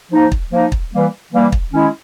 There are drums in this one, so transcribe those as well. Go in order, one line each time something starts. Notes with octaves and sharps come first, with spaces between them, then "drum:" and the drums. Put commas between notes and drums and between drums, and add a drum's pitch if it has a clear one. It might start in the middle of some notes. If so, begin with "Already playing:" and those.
F3 A#3 D#4
drum: kick
F3 A#3 D#4
drum: kick
E3 G3 A#3
E3 G3 A#3
drum: kick
D#3 G#3 C#4 E4